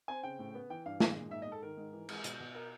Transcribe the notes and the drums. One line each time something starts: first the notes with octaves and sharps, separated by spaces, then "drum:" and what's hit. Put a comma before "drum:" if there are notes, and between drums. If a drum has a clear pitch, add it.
C4 G#5
C#3 G5
A2
B3
E3 G5
G2 F5
G#3, drum: snare
A#2
G#2 E5
D#5
G#2 A4
D#3 A#4
G#2
E3
G#3, drum: cymbal
B2, drum: hi-hat
B2
A#4